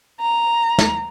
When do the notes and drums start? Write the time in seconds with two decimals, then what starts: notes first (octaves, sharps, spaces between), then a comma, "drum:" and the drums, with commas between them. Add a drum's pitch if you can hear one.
0.21 A#5
0.78 drum: snare